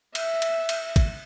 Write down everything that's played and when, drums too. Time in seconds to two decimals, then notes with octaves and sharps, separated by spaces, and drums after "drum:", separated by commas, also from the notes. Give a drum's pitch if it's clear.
0.15 E5, drum: cymbal
0.42 drum: cymbal
0.69 drum: cymbal
0.96 drum: kick, cymbal